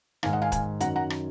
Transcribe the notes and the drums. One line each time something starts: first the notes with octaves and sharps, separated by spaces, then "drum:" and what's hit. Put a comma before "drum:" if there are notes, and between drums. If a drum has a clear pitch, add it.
G#2 D#3 F5 G#5, drum: rim click
D#5 F#5
F5 G#5
F5 G#5, drum: kick, hi-hat
F#2 D#3 F#5 A#5, drum: hi-hat
F#5 A#5
drum: rim click